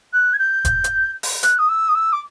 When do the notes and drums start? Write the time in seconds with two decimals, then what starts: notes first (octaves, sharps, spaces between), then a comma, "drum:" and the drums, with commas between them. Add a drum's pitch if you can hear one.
0.13 F#6
0.33 G#6
0.39 G6
0.65 drum: kick E1, hi-hat
0.84 drum: hi-hat
1.23 drum: open hi-hat
1.43 F#6, drum: hi-hat
1.58 D#6
1.69 E6
1.88 D#6
1.95 E6
2.12 D6